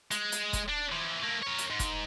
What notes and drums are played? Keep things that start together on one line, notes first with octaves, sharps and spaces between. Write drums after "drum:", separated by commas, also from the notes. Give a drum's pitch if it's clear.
G#3, drum: hi-hat
drum: hi-hat
drum: kick E1, hi-hat
D4
E3 F3
A3 A#3
A#4 C#5
drum: hi-hat
G#2
drum: kick E1, hi-hat